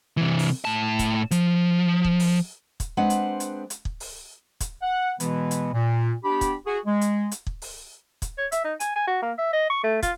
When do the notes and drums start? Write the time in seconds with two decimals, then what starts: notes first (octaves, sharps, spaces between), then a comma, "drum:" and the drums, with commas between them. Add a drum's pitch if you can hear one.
0.17 C3 E3
0.39 drum: open hi-hat
0.65 A2 A5
0.99 drum: kick, hi-hat
1.31 F3, drum: hi-hat
2.05 drum: kick
2.20 drum: open hi-hat
2.80 drum: kick, hi-hat
2.97 G#3 C4 D4 B4 C5 F#5
3.10 drum: hi-hat
3.40 drum: hi-hat
3.70 drum: hi-hat
3.85 drum: kick
4.00 drum: open hi-hat
4.60 drum: kick, hi-hat
4.82 F#5
5.20 B2 E3 G#3 B3, drum: hi-hat
5.51 drum: hi-hat
5.73 A#2
6.24 B3 D4 G4 B5
6.41 drum: kick, hi-hat
6.67 F#4 G#4
6.86 G#3
7.01 drum: hi-hat
7.31 drum: hi-hat
7.47 drum: kick
7.62 drum: open hi-hat
8.22 drum: kick, hi-hat
8.38 C#5
8.52 E5, drum: hi-hat
8.64 D#4
8.80 G#5, drum: hi-hat
8.96 G#5
9.07 F#4
9.22 A#3
9.38 E5
9.53 D#5
9.70 C#6
9.84 A3
10.03 F4, drum: kick, hi-hat